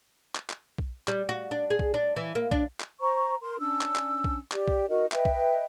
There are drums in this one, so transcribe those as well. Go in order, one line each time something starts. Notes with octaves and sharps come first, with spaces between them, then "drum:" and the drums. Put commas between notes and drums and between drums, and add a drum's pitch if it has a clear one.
drum: clap
drum: clap
drum: kick B1
G3, drum: clap
F#4
D4
G#4
drum: kick B1
D4
E3
A#3
D4, drum: kick B1
drum: clap
C5 A#5 C#6
A#4 C6
C#4 D4 E6
drum: clap
drum: clap
drum: kick B1
G4 D5, drum: clap
drum: kick B1
D#4 F#4 A#4 D#5
B4 D#5 E5 G5, drum: clap
drum: kick B1